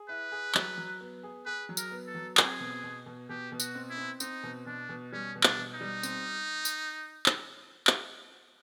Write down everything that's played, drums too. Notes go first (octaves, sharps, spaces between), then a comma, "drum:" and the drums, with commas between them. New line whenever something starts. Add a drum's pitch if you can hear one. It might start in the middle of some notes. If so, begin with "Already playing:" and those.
Already playing: G#4
E4 B4
G#4
F#3, drum: clap
F#3
B3
G#4
G#4 B4
F#3
A#4, drum: tambourine
B3
A4
F#3
C4 G#4, drum: clap
B2
B2
B2
B2 G4
B2
F#4, drum: tambourine
C4
E4
C4
C4 D#4, drum: tambourine
B2
B2 D4
B2
G3 C#4
B2
D4, drum: clap
B2
D#4
G3
C4, drum: tambourine
drum: tambourine
drum: clap
drum: clap